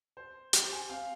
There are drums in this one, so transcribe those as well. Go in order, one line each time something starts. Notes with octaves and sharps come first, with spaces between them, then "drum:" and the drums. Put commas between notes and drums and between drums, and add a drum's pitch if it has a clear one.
C5
G4 C5, drum: hi-hat
G4 G#5
C4 F5